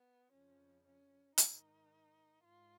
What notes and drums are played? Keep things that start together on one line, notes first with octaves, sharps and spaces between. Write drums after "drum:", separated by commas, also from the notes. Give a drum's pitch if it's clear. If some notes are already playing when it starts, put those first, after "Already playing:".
Already playing: B3
F2 C#3 F3 C#4
C#4
G#2 D#3 D#4, drum: hi-hat
G#2 F4